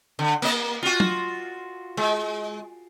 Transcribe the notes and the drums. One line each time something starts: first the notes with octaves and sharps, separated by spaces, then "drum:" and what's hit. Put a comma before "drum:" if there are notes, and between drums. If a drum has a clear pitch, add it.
D3
A#3 D#5, drum: cymbal
F4 F#4
drum: tom
G#3